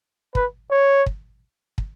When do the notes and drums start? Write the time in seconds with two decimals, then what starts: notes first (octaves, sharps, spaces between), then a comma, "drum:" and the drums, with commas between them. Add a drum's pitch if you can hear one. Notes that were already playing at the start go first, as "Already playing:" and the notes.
0.35 B4, drum: kick
0.71 C#5
1.06 drum: kick
1.78 drum: kick